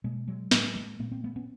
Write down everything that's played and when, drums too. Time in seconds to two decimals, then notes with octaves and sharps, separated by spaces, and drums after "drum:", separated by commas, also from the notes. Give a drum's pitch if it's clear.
0.04 B2 G#3 A#3
0.28 F#3 G#3
0.51 A2 F#3 G#3, drum: snare
0.76 G#3 A#3
0.99 A#2 A3 B3
1.11 A#3 C4
1.24 A3 B3
1.36 B3 C#4